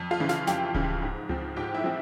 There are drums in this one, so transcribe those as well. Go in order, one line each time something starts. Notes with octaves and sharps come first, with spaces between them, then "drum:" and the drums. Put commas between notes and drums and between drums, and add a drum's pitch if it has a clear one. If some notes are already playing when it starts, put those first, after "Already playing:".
Already playing: F2
F4 F5
C#3 E3
F4 F5, drum: snare
F2 G4 G5, drum: snare
C#3 E3, drum: kick D1
G#2
F3 C4, drum: tom C#2
G#2 G4 G5
E4 E5
F3 C4